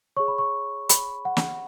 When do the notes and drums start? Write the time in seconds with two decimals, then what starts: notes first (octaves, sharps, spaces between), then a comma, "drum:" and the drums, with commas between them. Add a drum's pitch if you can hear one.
0.17 G#4 C#5 C#6
0.28 B5
0.38 C#6
0.89 B5, drum: hi-hat
1.25 F#5
1.37 drum: snare